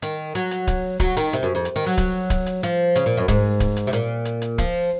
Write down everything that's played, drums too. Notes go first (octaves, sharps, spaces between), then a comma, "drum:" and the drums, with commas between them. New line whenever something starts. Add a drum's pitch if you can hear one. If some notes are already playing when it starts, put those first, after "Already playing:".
D#3, drum: hi-hat
F#3, drum: hi-hat
drum: hi-hat
drum: kick D1, hi-hat
F#3, drum: kick D1, hi-hat
D#3, drum: hi-hat
C3, drum: hi-hat
F#2
F2
drum: hi-hat
D#3
F#3
drum: kick D1, hi-hat
drum: kick D1, hi-hat
drum: hi-hat
F3, drum: hi-hat
C#3, drum: hi-hat
A#2
F#2
G#2, drum: kick D1, hi-hat
drum: kick D1, hi-hat
drum: hi-hat
C3
A#2, drum: hi-hat
drum: hi-hat
drum: hi-hat
F3, drum: kick D1, hi-hat